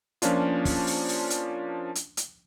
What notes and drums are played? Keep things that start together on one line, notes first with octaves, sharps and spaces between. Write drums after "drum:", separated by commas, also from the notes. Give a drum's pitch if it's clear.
F3 A#3 C#4 D4 F4, drum: hi-hat
drum: kick, open hi-hat
drum: open hi-hat
drum: open hi-hat
drum: hi-hat
drum: hi-hat
drum: hi-hat